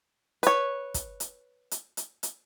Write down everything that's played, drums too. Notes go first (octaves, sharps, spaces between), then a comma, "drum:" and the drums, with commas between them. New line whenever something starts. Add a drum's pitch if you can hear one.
B4 C#5, drum: hi-hat
drum: kick, hi-hat
drum: hi-hat
drum: hi-hat
drum: hi-hat
drum: hi-hat